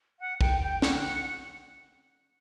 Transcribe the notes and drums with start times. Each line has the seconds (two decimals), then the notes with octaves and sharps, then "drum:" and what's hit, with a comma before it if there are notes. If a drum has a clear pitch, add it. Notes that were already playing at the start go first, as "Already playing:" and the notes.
0.20 F#5
0.41 G5, drum: kick
0.61 G5
0.82 F#5, drum: snare